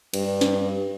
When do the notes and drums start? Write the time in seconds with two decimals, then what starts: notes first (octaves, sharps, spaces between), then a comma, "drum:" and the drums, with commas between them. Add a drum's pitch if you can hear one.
0.14 G2, drum: cymbal
0.41 drum: snare